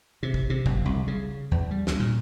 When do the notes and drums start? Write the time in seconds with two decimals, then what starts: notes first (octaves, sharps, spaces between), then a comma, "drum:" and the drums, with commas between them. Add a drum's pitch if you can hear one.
0.23 C3
0.34 drum: kick
0.50 C3
0.66 F#1, drum: kick
0.86 C2
1.07 C#3
1.51 E2
1.71 G3
1.87 D2, drum: snare
2.00 A#2